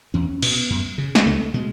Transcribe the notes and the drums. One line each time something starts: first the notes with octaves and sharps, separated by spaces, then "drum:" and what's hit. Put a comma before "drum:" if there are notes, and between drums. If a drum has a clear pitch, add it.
E2 C#4
B2 B3, drum: cymbal
F#2
C#3
drum: snare
C#2 A3
B2 G#3